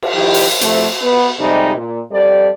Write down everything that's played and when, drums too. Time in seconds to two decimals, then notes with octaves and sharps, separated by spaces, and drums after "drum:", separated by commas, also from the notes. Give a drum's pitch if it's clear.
0.02 drum: cymbal
0.14 D#3 F3 E4 G4
0.34 drum: open hi-hat
0.61 C3 F3 A3, drum: hi-hat
1.01 B3
1.39 F2 C3 G3 G#3 D#4
1.76 A#2
2.12 F2 G3 A4 D5